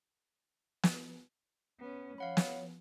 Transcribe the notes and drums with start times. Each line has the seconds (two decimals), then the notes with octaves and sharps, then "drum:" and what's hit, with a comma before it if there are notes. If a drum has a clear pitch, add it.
0.83 drum: snare
1.79 B3 C#4
2.18 F3 C#5 F5 F#5 B5
2.37 drum: snare